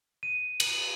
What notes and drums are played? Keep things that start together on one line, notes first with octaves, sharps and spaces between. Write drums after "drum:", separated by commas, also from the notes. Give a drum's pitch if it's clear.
D#7
F#7, drum: cymbal